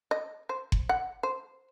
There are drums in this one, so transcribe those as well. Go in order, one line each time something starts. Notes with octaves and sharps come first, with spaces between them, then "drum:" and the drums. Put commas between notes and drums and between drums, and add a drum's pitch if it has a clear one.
D#5
C5
drum: kick F#1
F#5
C5